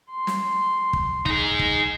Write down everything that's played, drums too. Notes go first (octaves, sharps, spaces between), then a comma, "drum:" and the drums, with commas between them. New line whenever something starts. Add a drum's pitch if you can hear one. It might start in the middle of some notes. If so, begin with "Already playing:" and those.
C6
drum: snare
drum: kick
D#4 G#4, drum: kick
drum: kick